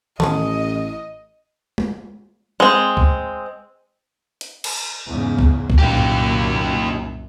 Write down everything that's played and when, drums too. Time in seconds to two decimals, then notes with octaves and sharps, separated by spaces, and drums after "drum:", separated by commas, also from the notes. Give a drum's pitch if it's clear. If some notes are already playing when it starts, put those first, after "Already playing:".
0.20 A1 A3 C#4 D#5, drum: tom D#3
1.78 drum: tom G#3
2.60 G#3 C4
2.97 drum: kick
4.41 drum: hi-hat
4.64 drum: cymbal
5.06 E2 G#2 C#3
5.39 drum: kick
5.70 drum: kick
5.79 C2 F#2 A#2 D#4 G4
5.97 drum: tom G2